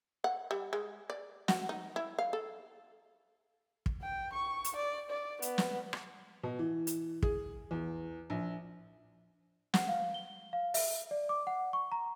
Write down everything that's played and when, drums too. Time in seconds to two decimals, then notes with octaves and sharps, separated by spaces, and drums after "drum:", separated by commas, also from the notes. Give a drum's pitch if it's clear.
0.24 F#5
0.51 G3
0.73 G#3
1.10 D5
1.48 F#4, drum: snare
1.69 D#4
1.96 E4
2.19 F5
2.33 A4
3.86 drum: kick
4.02 G5
4.33 C#6
4.64 drum: hi-hat
4.76 D5
5.10 D5
5.42 B3, drum: hi-hat
5.58 drum: snare
5.93 drum: rim click
6.43 B2
6.59 E3
6.87 drum: hi-hat
7.23 G#4, drum: kick
7.71 E2
8.30 A#1
9.74 F#5, drum: snare
9.88 F5
10.14 G7
10.53 F5
10.74 E5, drum: open hi-hat
11.11 D5
11.29 D6
11.47 F#5
11.73 C#6
11.92 A#5